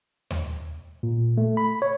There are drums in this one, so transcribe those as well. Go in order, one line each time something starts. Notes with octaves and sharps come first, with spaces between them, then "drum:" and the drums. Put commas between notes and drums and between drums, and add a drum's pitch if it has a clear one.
drum: tom D#2
A#2
A3
B5
C#5